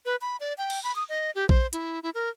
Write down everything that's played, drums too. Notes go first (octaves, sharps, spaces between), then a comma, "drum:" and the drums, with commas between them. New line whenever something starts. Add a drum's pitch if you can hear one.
B4
B5
D5
G5
drum: cymbal
B5
D#6
D#5
G4
C5, drum: kick A#1
E4, drum: hi-hat
E4
A#4